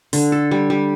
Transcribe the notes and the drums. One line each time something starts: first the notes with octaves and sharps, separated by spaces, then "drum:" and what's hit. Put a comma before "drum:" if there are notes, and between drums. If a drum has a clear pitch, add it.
D3, drum: open hi-hat
A4
G3
G3